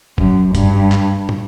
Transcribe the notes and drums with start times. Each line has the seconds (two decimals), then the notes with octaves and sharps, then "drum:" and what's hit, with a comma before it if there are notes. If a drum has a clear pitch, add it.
0.18 F#2, drum: kick G1
0.55 G2, drum: kick G1, hi-hat
0.92 drum: clap
1.29 drum: tom